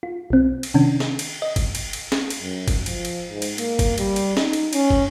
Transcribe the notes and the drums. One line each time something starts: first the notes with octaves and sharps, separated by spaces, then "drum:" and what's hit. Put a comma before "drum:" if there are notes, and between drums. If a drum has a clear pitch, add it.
F4
B1 C4
drum: cymbal
C3 D#3 C#4 D4
drum: snare
drum: cymbal
D#5
drum: kick, cymbal
drum: cymbal
drum: cymbal
drum: snare
drum: cymbal
F#2
drum: kick, cymbal
F3, drum: cymbal
drum: cymbal
G#2
drum: cymbal
A#3, drum: cymbal
drum: kick, cymbal
G3, drum: cymbal
drum: cymbal
D#4, drum: snare
drum: cymbal
C#4, drum: cymbal
drum: kick